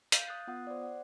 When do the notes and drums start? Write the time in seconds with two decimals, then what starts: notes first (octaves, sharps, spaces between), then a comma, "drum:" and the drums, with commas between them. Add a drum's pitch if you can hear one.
0.12 F5 G6, drum: hi-hat
0.27 D#6 F#6 A6
0.47 B3 F4 F#5 D#6
0.67 C5 D5
0.83 F#5